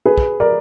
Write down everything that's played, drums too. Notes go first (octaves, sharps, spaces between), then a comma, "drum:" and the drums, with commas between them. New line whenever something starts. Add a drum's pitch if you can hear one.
G#4 B4
drum: kick
A#4 D5